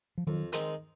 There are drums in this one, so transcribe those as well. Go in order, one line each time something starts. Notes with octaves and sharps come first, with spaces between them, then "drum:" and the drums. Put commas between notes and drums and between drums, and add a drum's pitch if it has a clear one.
F3
F2 D#3 F#3
D#3 G#3 C4 D#4, drum: hi-hat